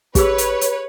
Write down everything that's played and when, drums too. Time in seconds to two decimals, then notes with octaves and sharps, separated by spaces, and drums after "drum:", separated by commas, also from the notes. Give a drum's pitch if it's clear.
0.15 G4 G#4 B4 C#5 E6, drum: kick, hi-hat
0.38 drum: hi-hat
0.61 drum: hi-hat